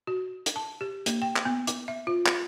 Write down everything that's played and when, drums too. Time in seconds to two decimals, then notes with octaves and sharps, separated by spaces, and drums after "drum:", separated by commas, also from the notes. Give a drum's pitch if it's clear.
0.07 F#4
0.46 drum: hi-hat
0.56 A5
0.81 G4
1.06 A#3, drum: hi-hat
1.22 G5
1.36 drum: clap
1.45 B3
1.67 D6, drum: hi-hat
1.88 E5
2.07 F4
2.26 drum: clap